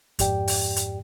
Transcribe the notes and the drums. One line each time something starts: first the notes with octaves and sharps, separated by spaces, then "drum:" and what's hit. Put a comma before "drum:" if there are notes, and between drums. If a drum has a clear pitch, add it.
F2 G#2 G4 D5 G5, drum: kick, hi-hat
drum: open hi-hat
drum: hi-hat